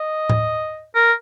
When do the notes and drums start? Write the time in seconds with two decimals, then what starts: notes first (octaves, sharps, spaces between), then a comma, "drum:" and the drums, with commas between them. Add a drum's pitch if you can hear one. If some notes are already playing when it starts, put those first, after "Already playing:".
Already playing: D#5
0.30 drum: tom A2
0.95 A#4